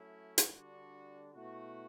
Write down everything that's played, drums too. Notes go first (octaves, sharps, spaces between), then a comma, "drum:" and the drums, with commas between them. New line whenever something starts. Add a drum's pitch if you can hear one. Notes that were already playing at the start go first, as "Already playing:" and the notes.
Already playing: F#3 A3 C#4 E4
drum: hi-hat
D3 G3 D4 F#4
B2 A3 E4 F#4